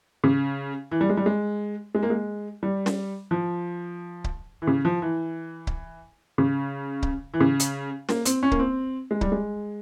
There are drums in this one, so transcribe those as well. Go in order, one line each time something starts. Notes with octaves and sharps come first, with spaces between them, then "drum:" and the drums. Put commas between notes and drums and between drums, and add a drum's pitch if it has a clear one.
C#3
E3
G3
G#3
G3
G#3
G#3
A#3
G#3
G3
drum: snare
F3
drum: kick C#1
E3
C#3
F3
E3
drum: kick C#1
C#3
drum: kick C#1
E3
C#3
drum: hi-hat
A#3, drum: snare
C4, drum: hi-hat
C#4
A#3, drum: kick C#1
C4
G#3
G3, drum: kick C#1
G#3